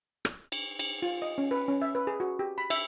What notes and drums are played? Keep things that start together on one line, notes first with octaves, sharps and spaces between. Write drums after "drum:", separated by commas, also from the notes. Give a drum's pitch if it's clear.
drum: rim click
drum: cymbal
drum: cymbal
F4
D#5
C#4
B4
C#4
E5
B4
G#4
F#4
G4
B5
E5, drum: cymbal